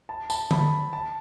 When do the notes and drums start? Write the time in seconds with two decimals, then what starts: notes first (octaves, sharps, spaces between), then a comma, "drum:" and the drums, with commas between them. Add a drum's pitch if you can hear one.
0.09 A5
0.30 A5, drum: tambourine
0.51 B5, drum: tom D3
0.93 A5